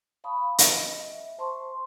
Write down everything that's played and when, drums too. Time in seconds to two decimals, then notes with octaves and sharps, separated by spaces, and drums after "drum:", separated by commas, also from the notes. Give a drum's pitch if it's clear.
0.24 F5 A5 B5 C#6 D#6
0.58 D#5, drum: hi-hat
1.07 E5
1.38 C5 A5 C6 C#6